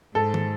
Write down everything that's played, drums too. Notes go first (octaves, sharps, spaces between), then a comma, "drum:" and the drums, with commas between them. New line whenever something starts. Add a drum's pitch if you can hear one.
G#2 A4
drum: tom